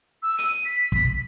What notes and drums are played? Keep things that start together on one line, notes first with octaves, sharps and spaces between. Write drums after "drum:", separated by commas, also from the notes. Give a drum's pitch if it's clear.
E6
D#7, drum: hi-hat
B6
drum: kick